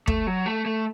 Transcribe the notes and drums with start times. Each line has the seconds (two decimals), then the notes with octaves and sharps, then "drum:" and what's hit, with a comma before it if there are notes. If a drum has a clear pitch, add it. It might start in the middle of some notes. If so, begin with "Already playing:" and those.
0.07 A3, drum: kick
0.27 F#3
0.46 A3
0.66 A3